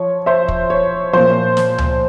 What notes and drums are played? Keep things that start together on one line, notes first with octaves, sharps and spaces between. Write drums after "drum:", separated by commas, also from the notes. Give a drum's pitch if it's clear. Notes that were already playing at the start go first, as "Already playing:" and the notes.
Already playing: F3 C#5
C5 E5
drum: kick
C#5
A#2 F3 C5
drum: snare
drum: tom C#2